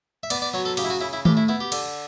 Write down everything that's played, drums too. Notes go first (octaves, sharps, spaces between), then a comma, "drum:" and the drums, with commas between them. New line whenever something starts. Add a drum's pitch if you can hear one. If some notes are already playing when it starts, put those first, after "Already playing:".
E5
B3 D5, drum: cymbal
D5
F#3 C#5
A4
C#3 G4, drum: cymbal
E4
F#4
C#3 E4
E4
A2 G4, drum: tom D#3
E4
B3 E4
G4
D3, drum: cymbal